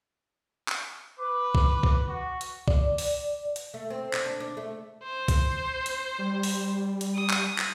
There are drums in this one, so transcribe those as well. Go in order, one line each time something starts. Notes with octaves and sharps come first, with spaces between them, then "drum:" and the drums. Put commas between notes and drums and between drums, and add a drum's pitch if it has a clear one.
drum: clap
B4 D6
drum: kick
drum: kick
F#4
drum: hi-hat
D5, drum: kick
drum: open hi-hat
drum: hi-hat
A3
C4
D4, drum: clap
D4
D4
A3
C5
drum: kick, hi-hat
drum: hi-hat
G3
drum: open hi-hat
drum: hi-hat
D#6
drum: clap
drum: clap